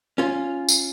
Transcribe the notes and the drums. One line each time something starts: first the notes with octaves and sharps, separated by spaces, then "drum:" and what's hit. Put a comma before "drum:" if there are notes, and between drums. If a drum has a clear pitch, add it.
C#4 F4
drum: tambourine